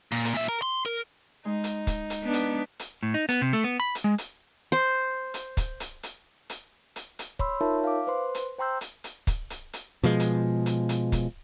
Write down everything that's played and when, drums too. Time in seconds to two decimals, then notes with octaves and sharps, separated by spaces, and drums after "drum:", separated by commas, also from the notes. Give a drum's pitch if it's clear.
0.12 A#2
0.25 drum: hi-hat
0.34 A#2 E5
0.49 A#4
0.62 C6
0.86 A#4
1.45 G#3 D#4
1.64 drum: hi-hat
1.87 drum: kick, hi-hat
2.10 drum: hi-hat
2.24 B3 D4
2.33 drum: hi-hat
2.79 drum: hi-hat
3.03 A2
3.14 D#4
3.29 B3, drum: hi-hat
3.42 C3
3.53 A3
3.64 B3
3.80 B5
3.95 drum: hi-hat
4.04 G#3
4.18 drum: hi-hat
4.72 C5
5.34 drum: hi-hat
5.57 drum: kick, hi-hat
5.80 drum: hi-hat
6.03 drum: hi-hat
6.50 drum: hi-hat
6.96 drum: hi-hat
7.19 drum: hi-hat
7.39 C#5 B5 C6 E6, drum: kick
7.61 D#4 F4 A#4 C#5 E5 A5
7.84 F5 D6
8.07 B4 C5 C6
8.35 drum: hi-hat
8.59 C5 G5 A#5 C6 E6 G6
8.81 drum: hi-hat
9.04 drum: hi-hat
9.27 drum: kick, hi-hat
9.50 drum: hi-hat
9.73 drum: hi-hat
10.03 B2 F3 G#3
10.20 drum: hi-hat
10.66 drum: hi-hat
10.89 drum: hi-hat
11.12 drum: kick, hi-hat